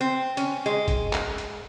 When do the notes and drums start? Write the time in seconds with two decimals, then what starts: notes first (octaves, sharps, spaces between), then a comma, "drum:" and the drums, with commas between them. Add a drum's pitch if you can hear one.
0.01 C4
0.37 C#4, drum: hi-hat
0.66 G#3
0.88 drum: kick F#1, hi-hat
1.13 drum: clap
1.38 drum: hi-hat